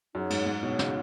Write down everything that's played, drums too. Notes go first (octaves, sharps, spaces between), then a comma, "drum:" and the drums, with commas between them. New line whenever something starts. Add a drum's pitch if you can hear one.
F#2 D#4 G#4 C#5 F#5
G#2, drum: cymbal
G#2
B2 D#4 G#4 C#5 F#5
C#3, drum: snare